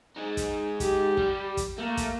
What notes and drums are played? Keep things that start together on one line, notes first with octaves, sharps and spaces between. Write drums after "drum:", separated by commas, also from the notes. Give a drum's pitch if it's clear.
G#3 D#4
drum: kick, hi-hat
G4, drum: kick, hi-hat
G3, drum: kick
drum: kick, hi-hat
A3 A#3
drum: kick, hi-hat